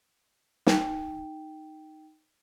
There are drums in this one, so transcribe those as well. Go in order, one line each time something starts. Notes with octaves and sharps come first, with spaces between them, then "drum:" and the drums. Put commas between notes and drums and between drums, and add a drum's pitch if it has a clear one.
D#4 G5, drum: snare